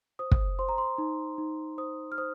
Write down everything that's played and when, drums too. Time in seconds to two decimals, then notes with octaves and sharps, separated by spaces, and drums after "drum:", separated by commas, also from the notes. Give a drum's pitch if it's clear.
0.19 C5 D#6
0.31 drum: kick
0.59 C5 C6
0.69 A#5
0.78 C6
0.98 D#4
1.38 D#4
1.78 C5 D#6
2.12 F6
2.18 C5 D#6